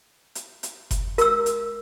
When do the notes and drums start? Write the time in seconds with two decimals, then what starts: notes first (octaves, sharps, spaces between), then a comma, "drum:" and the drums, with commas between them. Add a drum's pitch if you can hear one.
0.35 drum: hi-hat
0.63 drum: hi-hat
0.91 drum: kick F#1, hi-hat
1.18 A#4 E6, drum: hi-hat
1.46 drum: hi-hat